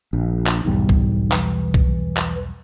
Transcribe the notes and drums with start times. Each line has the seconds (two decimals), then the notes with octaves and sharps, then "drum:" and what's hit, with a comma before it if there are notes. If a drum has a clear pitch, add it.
0.13 A#1
0.47 drum: clap
0.65 B1 E2 G#2 G3
0.89 drum: kick B1
1.32 E3, drum: clap
1.74 drum: kick B1
2.17 drum: clap